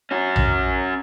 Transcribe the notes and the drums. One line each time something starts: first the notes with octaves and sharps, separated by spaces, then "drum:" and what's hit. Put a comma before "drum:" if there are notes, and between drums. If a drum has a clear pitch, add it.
C#4 F#4
drum: tom A#1